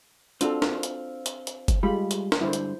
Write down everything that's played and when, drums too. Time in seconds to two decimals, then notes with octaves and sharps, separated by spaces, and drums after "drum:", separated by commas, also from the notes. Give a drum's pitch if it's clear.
0.41 C4 D4 F4 F#4 A4 C5, drum: hi-hat
0.62 drum: snare
0.83 drum: hi-hat
1.26 drum: hi-hat
1.47 drum: hi-hat
1.68 drum: kick F#1, hi-hat
1.83 G3 G#3 F4 B5
2.11 drum: hi-hat
2.32 drum: snare
2.41 G2 D3 E4 C5
2.53 drum: hi-hat